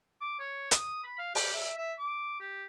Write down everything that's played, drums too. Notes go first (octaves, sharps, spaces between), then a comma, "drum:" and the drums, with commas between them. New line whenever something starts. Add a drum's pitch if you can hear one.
D6
C#5
D#6, drum: hi-hat
B5
F5
G4, drum: open hi-hat
E5
E5
D6
G4